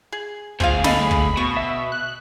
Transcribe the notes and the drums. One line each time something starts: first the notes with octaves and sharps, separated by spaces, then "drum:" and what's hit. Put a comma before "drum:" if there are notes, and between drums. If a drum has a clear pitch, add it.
G#4
D2 C4 F4 G#4 F5, drum: kick
A4 D#5 F5 B5, drum: snare
drum: kick
B2 C#6
E5
F#6